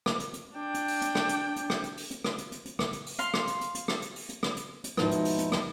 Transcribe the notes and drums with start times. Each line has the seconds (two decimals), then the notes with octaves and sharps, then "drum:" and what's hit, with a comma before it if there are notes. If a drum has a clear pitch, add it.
0.06 drum: rim click
0.20 drum: hi-hat
0.33 drum: hi-hat
0.56 D4 G5
0.74 drum: hi-hat
0.88 drum: open hi-hat
1.02 drum: hi-hat
1.15 drum: rim click
1.29 drum: hi-hat
1.56 drum: hi-hat
1.70 drum: rim click
1.84 drum: hi-hat
1.97 drum: open hi-hat
2.11 drum: hi-hat
2.24 drum: rim click
2.38 drum: hi-hat
2.52 drum: hi-hat
2.65 drum: hi-hat
2.79 drum: rim click
2.93 drum: hi-hat
3.06 drum: open hi-hat
3.19 F5 C6, drum: hi-hat
3.34 drum: rim click
3.47 drum: hi-hat
3.61 drum: hi-hat
3.75 drum: hi-hat
3.88 drum: rim click
4.02 drum: hi-hat
4.16 drum: open hi-hat
4.29 drum: hi-hat
4.43 drum: rim click
4.56 drum: hi-hat
4.84 drum: hi-hat
4.97 D#2 G#2 B2 F3 D#4 E4, drum: rim click
5.11 drum: hi-hat
5.25 drum: open hi-hat
5.38 drum: hi-hat
5.52 drum: rim click